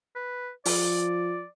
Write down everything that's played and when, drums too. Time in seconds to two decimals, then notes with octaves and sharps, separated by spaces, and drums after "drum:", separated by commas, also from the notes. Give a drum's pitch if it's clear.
0.15 B4
0.65 F3 D5, drum: open hi-hat